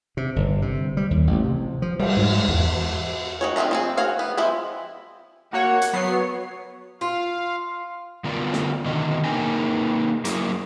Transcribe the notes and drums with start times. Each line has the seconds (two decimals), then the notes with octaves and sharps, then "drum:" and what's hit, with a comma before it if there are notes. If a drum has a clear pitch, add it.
0.17 C3
0.36 G1
0.62 C3
0.97 G3
1.11 D#2
1.27 A1
1.44 C3
1.82 F3
1.99 G3, drum: cymbal
2.17 G#2
2.48 E2
3.41 D#3 F#4 C#5
3.56 D#3 C4 D#4 F4 A#5
3.71 F3 C4 G#4
3.97 F#4 C#5 F5
4.19 B3
4.37 E3 F3 G#3 C4 E4
5.53 A#3 F#4 C#5 F#5
5.82 drum: hi-hat
5.93 F#3 B3 C#5 C7
7.01 F4 F5
8.24 D3 B3 F4 A#4 D5
8.53 drum: snare
8.85 B2 D3 D#3 D#5
9.24 A#3 D#4 G#4 A#4 G5 G#5
10.25 F#3 A#3 E4 G#4 A#4, drum: hi-hat